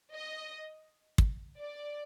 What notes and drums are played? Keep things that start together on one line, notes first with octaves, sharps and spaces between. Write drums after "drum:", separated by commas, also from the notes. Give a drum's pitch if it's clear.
D#5
drum: kick
D5